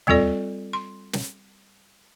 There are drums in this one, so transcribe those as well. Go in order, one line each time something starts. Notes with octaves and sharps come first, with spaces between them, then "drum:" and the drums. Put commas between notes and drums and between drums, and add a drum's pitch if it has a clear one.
G3 C4 F4 A4 D5, drum: tom
C6
drum: snare